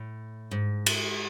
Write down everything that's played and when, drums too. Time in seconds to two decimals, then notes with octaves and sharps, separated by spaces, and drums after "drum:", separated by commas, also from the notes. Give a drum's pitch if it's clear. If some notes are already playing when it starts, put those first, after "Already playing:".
Already playing: A2
0.51 G#2
0.86 drum: cymbal